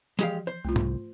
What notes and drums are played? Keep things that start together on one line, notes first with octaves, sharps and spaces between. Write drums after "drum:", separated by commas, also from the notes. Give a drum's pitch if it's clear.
E3 F3 G#3 G4 F5, drum: hi-hat
C5
C2 A3 F4
drum: tom